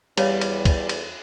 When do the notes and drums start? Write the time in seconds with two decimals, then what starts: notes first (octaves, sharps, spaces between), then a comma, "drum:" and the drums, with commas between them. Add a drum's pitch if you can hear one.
0.17 E2 G3 E4 C#5 F5, drum: cymbal
0.41 drum: cymbal
0.65 drum: kick C2, cymbal
0.89 drum: cymbal